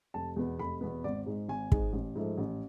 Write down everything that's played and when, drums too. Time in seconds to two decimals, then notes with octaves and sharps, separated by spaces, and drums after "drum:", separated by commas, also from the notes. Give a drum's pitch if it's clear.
0.14 F1 A5
0.36 E2 B2 B3
0.59 F1 B5
0.81 E2 B2 B3
1.04 G#1 D5
1.26 G#2 G#3
1.48 G#1 G#5
1.72 G#2 G#3, drum: kick
1.93 A1
2.15 G#2 F3 A3
2.37 A1